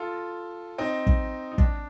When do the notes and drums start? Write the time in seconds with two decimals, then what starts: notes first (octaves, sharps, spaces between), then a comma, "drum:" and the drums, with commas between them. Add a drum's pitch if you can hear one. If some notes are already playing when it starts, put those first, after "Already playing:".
Already playing: F4 A4
0.78 C4 D#4
1.07 drum: kick
1.52 D#4
1.58 D4, drum: kick